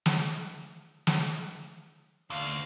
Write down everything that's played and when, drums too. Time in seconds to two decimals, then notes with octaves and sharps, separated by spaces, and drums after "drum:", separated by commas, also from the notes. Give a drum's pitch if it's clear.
0.06 drum: snare
1.07 drum: snare
2.30 D2 F5